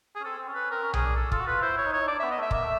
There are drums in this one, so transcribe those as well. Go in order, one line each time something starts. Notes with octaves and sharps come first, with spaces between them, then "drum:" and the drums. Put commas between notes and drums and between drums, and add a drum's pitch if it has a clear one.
G#4
C#4
C4 A4
C4
C#4
B4
C4 A#4
C#4
C#4 G#4, drum: tom B1
D4
A4
F4 A4, drum: kick
F#4
F4 B4
E4 C5
C#5
D#4
C#5
D#4
D4 D5
B3 E5
D#5
A3 E5
A#3 E5, drum: kick
A3